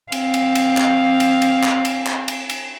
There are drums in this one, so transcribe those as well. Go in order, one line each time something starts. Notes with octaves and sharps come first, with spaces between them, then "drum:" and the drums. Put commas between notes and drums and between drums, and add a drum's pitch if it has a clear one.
C4 F5, drum: cymbal
drum: cymbal
drum: cymbal
drum: clap
drum: cymbal
drum: cymbal
drum: clap
drum: cymbal
drum: clap
drum: cymbal
drum: cymbal